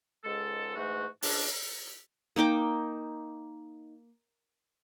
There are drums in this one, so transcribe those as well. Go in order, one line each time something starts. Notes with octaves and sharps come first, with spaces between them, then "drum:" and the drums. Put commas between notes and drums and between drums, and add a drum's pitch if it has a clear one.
C#2 G#2 G#3 A4
G#2 E3 A3 F#4
C#2 D4, drum: open hi-hat
A#3 D#4 G5 D6